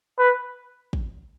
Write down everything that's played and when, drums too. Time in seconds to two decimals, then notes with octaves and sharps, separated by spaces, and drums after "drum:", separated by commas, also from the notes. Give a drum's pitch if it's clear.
0.19 B4
0.93 drum: kick